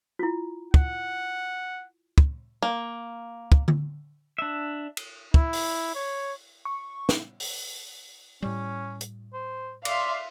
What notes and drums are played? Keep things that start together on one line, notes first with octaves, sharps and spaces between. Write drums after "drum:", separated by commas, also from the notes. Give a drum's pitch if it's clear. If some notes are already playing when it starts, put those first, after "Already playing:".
E4 F4
F#5, drum: kick
drum: kick
A#3
drum: kick
drum: tom D3
D4 E5
drum: cymbal
E4, drum: kick
drum: open hi-hat
C#5
C#6
drum: snare
drum: open hi-hat
A2 G3 C#4
drum: hi-hat
C5
D5 E5 F5 C6, drum: cymbal